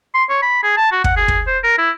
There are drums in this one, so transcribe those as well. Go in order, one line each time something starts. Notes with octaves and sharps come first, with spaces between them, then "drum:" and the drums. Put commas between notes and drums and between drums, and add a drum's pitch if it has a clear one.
C6
C#5
B5
G#4
A5
F#4
F#5, drum: kick
G#4
drum: kick
C5
A#4
E4